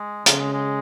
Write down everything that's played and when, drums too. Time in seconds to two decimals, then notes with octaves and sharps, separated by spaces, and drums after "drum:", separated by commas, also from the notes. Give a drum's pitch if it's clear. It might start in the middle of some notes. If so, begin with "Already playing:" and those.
Already playing: G#3
0.26 C#3 F3, drum: hi-hat
0.39 G#3
0.53 G#3